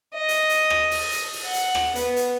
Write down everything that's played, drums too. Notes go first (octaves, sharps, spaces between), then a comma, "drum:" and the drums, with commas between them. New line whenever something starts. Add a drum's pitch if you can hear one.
D#5
drum: hi-hat
drum: hi-hat
drum: rim click
drum: open hi-hat
drum: hi-hat
drum: open hi-hat
F#5
drum: hi-hat
drum: rim click
B3, drum: hi-hat
drum: hi-hat